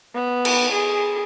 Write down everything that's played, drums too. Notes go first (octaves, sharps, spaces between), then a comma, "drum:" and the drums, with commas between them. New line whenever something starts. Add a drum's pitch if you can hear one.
B3
drum: cymbal
G#4